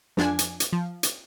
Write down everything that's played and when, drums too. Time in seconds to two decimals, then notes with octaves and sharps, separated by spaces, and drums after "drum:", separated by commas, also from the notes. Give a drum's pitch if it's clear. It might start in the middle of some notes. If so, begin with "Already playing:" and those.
0.17 F2 F3 D4 G#5, drum: snare
0.39 drum: hi-hat
0.60 drum: hi-hat
0.73 F3
1.03 drum: hi-hat